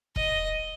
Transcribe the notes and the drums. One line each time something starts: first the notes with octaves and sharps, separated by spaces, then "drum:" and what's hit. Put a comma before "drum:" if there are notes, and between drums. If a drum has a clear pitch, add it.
D#5, drum: kick E1